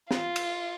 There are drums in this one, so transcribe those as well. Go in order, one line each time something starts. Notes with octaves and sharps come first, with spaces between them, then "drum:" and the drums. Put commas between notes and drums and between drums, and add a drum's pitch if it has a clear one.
F4, drum: snare
drum: cymbal